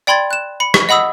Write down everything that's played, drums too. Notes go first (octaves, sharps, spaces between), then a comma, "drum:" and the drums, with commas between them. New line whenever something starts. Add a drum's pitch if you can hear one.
D5 G5 B5 C6 G#6 A6
F#6 E7
B5 C#7
drum: rim click
D#5 F#5 B5 D#6 E6